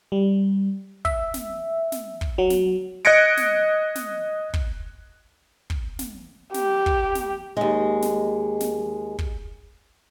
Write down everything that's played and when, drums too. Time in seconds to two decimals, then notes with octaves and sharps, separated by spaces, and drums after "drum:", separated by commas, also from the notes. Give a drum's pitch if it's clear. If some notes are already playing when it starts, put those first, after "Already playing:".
0.12 G3
1.05 E5, drum: kick
1.34 drum: snare
1.92 drum: snare
2.21 drum: kick
2.38 F#3
2.50 drum: snare
3.05 D#5 F#6 G#6 A#6 C#7 D7
3.37 drum: snare
3.95 drum: snare
4.54 drum: kick
5.70 drum: kick
5.99 drum: snare
6.54 G4, drum: snare
6.86 drum: kick
7.15 drum: snare
7.57 D#2 G#3
8.02 drum: snare
8.60 drum: snare
9.19 drum: kick